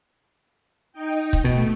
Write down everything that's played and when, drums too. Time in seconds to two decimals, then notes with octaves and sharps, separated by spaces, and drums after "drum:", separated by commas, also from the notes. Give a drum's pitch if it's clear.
0.93 D#4 D#5 G5
1.33 drum: kick C#1
1.44 B2 A3